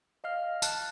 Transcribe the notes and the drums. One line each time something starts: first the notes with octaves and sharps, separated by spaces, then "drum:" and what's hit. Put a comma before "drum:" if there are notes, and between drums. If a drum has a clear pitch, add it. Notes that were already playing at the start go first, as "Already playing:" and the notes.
D#5 F5 F6
A5 F#6, drum: tambourine